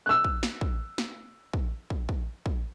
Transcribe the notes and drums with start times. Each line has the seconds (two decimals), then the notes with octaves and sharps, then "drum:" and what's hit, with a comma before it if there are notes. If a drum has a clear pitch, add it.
0.06 E6 F#6
0.24 drum: kick
0.43 drum: snare
0.61 drum: kick
0.98 drum: snare
1.53 drum: kick
1.90 drum: kick
2.09 drum: kick
2.46 drum: kick